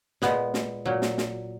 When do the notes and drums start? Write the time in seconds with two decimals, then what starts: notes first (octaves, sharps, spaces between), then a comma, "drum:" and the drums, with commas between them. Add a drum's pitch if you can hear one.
0.22 A#2 G#3 B3, drum: snare
0.54 drum: snare
0.86 A#2 F#3
1.02 drum: snare
1.18 drum: snare